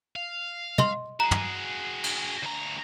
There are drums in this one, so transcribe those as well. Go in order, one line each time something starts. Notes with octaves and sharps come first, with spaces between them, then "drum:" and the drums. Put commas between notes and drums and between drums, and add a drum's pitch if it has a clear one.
F5
D#5 C6, drum: tom
F#4 G#4 A#5
drum: tom
drum: cymbal
D2 A#5